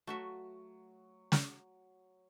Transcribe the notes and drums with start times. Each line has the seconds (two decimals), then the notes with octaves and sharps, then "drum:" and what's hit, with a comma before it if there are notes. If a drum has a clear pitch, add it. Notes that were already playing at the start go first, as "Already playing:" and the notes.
0.07 F#3 A3 F#4 E5
1.32 drum: snare